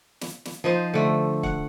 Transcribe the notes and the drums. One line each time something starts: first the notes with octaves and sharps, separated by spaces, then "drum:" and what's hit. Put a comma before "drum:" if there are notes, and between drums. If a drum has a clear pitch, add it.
drum: snare
drum: snare
F3 D#4 C5
D3 A3
F#5, drum: kick